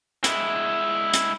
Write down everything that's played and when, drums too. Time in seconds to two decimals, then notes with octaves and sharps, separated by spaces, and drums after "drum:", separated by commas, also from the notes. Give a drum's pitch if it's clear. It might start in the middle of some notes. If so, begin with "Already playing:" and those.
0.24 G#3 E4, drum: hi-hat
1.14 drum: hi-hat